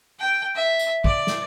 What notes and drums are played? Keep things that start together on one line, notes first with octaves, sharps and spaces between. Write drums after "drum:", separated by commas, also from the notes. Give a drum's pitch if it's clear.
G5
E5
drum: tambourine
D5, drum: kick
drum: snare